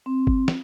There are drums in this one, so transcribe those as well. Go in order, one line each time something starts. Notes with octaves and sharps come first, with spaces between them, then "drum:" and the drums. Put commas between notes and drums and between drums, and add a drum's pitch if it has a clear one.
C4
drum: kick G1
drum: snare